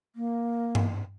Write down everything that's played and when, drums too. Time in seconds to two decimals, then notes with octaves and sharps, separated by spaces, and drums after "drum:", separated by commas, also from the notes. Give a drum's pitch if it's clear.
0.16 A#3
0.75 drum: tom G2